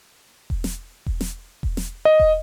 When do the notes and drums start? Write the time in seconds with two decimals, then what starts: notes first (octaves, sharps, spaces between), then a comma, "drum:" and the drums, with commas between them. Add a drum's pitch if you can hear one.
0.50 drum: kick E1
0.64 drum: snare
1.06 drum: kick E1
1.21 drum: snare
1.63 drum: kick E1
1.77 drum: snare
2.05 D#5
2.20 drum: kick E1